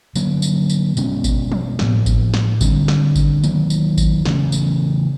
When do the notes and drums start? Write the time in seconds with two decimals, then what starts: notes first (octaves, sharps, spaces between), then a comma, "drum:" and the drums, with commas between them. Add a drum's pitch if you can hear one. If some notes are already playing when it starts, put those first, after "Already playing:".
0.16 D3 F#3 A#3, drum: tambourine
0.42 drum: tambourine
0.70 drum: tambourine
0.97 B2 G#3 C#4, drum: tambourine
1.24 drum: kick G#1, tambourine
1.52 drum: tom
1.79 A2 F3 A#3, drum: snare
2.06 drum: kick G#1, tambourine
2.34 drum: snare
2.61 D3 G3 C4, drum: kick G#1, tambourine
2.88 drum: snare
3.16 drum: kick G#1, tambourine
3.44 D#3 F#3 A#3, drum: tambourine
3.70 drum: tambourine
3.98 drum: kick G#1, tambourine
4.25 C#3 E3 A3 C#4, drum: snare
4.52 drum: tambourine